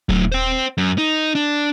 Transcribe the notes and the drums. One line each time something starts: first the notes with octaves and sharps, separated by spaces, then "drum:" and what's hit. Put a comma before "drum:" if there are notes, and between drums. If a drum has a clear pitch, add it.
A2 F#3, drum: kick D#1
C5 G5
F#2
D#4
D4